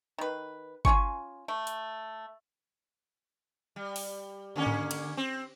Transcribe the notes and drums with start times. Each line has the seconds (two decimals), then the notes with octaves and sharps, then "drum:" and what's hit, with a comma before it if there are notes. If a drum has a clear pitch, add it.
0.18 D#3 B4
0.85 C#4 F4 G#5 C#6, drum: kick G1
1.48 A3
1.67 drum: hi-hat
3.76 G3
3.96 drum: open hi-hat
4.56 D3 A#3 C#4
4.66 drum: tom G#2
4.91 drum: cymbal
5.17 C4